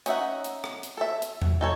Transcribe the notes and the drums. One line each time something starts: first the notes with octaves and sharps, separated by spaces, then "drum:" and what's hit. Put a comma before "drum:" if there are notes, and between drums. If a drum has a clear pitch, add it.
C#4 D#4 E5 F#5, drum: hi-hat
drum: hi-hat
drum: rim click
drum: hi-hat
A4 E5
drum: hi-hat
drum: tom E2
D#4 A4 C#5